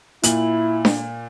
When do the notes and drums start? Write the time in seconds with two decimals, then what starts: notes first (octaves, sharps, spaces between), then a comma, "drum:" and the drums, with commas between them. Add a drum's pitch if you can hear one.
0.23 A#2 E4 F#7, drum: hi-hat
0.85 drum: snare D4